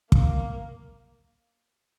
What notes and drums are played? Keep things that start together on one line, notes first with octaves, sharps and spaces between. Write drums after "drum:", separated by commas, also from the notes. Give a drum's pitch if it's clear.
A#3, drum: kick